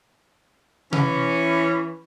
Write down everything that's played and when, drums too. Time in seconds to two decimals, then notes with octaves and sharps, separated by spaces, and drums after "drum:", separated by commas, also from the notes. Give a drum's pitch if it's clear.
0.93 E3 C#4, drum: tom C3